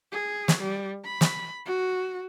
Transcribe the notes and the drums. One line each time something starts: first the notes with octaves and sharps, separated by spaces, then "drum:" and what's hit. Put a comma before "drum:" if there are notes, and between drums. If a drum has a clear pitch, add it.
G#4
drum: snare
G3
B5
drum: snare
F#4